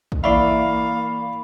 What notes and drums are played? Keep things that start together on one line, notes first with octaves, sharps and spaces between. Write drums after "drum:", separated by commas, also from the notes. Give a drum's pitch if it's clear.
drum: kick
E3 A#3 D5 E5 F5 B5 C#6 C7